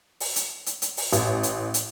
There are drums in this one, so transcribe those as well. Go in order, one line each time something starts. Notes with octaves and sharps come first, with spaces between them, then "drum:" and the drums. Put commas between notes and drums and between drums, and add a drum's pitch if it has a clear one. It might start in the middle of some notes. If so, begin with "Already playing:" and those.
drum: open hi-hat
drum: hi-hat
drum: hi-hat
drum: hi-hat
drum: open hi-hat
A1, drum: hi-hat
drum: hi-hat
drum: hi-hat